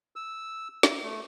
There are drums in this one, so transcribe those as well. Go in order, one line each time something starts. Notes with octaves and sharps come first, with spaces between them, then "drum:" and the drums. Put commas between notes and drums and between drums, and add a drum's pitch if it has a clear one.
E6
drum: snare
A3